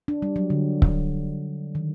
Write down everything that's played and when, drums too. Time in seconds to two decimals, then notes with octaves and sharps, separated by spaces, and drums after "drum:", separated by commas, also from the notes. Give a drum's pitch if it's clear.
0.08 D4
0.22 G3
0.36 F#3
0.50 D3
0.82 drum: kick C#1
1.75 D#3